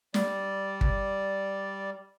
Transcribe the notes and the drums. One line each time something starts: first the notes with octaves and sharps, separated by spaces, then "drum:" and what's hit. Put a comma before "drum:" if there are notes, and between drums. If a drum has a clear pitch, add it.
G3 D5, drum: snare
drum: kick G1